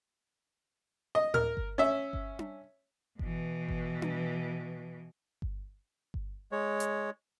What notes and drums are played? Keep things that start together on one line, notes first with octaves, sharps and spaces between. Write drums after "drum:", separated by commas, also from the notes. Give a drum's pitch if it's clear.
D#5
A#4 F6, drum: tom A2
drum: kick G1
C#4 E5
drum: kick G1
drum: tom D4
B2 E3, drum: kick G1
drum: kick G1
drum: tom D4
drum: kick G1
drum: kick G1
G#3 C#5
drum: hi-hat